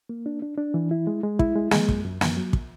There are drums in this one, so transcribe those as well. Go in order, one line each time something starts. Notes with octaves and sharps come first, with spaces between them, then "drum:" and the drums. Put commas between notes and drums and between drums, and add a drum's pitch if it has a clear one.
A#3
D4
D4
D4
E3
E4
G#3
G#3
E4, drum: kick
G#3
G#3, drum: snare
F#2, drum: kick
F#2
F#2, drum: snare
F#3
drum: kick